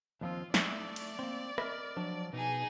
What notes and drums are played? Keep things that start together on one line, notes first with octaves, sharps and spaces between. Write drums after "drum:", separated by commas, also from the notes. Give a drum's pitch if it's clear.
D#2 F3 C4 F4
A3 D5 E5, drum: snare
drum: cymbal
A#3 C4
A#4 D#5 E5, drum: rim click
F3 F#3 D4
B2 D#4 G#4